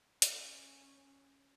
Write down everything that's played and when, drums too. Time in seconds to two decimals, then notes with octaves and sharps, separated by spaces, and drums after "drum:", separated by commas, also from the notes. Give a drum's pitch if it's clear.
0.22 C#4, drum: hi-hat